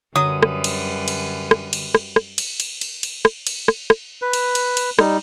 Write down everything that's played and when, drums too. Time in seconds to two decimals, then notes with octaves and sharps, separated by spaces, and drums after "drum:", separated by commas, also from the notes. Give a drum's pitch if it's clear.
0.16 F#2 D3 F#3 G3 B4 D#6 D#7
0.43 drum: rim click
0.64 drum: cymbal
1.08 drum: cymbal
1.51 drum: rim click
1.73 drum: cymbal
1.95 drum: rim click
2.16 drum: rim click
2.38 drum: cymbal
2.60 drum: cymbal
2.81 drum: cymbal
3.03 drum: cymbal
3.25 drum: rim click
3.47 drum: cymbal
3.68 drum: rim click
3.90 drum: rim click
4.22 B4
4.33 drum: cymbal
4.55 drum: cymbal
4.77 drum: cymbal
4.99 G3 D#4, drum: rim click